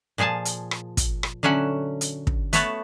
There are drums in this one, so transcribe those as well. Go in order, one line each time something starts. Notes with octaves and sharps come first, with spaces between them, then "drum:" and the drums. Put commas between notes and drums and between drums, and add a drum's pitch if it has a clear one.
A#2 F3 G#4 G#5 A5
drum: hi-hat
drum: rim click
drum: kick, hi-hat
drum: rim click
D3 F#3 C#4 E5 F#5
drum: hi-hat
drum: kick
A3 B3 C#5 E5 F#5 A5, drum: hi-hat